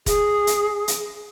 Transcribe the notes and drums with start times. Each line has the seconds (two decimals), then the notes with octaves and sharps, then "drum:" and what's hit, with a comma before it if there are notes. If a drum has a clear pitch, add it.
0.06 G#4, drum: kick E1, hi-hat
0.47 drum: hi-hat
0.88 drum: hi-hat